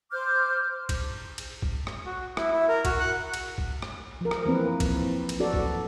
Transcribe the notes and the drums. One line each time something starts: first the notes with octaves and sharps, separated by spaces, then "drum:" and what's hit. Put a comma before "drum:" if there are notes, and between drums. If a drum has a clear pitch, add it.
C5 D6 F6 G6
drum: kick A1, cymbal
drum: cymbal
drum: kick A1
drum: rim click
F#4
E4, drum: rim click
E4
A#4
F#4, drum: kick A1, cymbal
F#5
drum: cymbal
drum: kick A1
drum: rim click
F3 A#4
drum: rim click
E3 A#3 C4 B4
drum: kick A1, cymbal
drum: cymbal
F#4 A4 D5
drum: kick A1